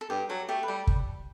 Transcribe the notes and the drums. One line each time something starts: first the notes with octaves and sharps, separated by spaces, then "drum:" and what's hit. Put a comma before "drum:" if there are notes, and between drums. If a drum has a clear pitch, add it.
A4
G2 G4
F#3 A4
A3 G4
B4
G3 A4
drum: kick